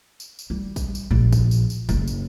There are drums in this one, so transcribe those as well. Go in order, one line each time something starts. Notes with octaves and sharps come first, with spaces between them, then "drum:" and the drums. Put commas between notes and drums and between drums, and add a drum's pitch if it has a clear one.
drum: tambourine
drum: tambourine
G3
drum: kick, tambourine
drum: tambourine
A#1
drum: kick, tambourine
drum: tambourine
drum: tambourine
F#1, drum: kick, tambourine
drum: tambourine